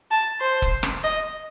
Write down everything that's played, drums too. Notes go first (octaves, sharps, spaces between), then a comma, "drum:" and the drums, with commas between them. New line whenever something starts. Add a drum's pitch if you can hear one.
A5
C5
drum: kick
drum: rim click
D#5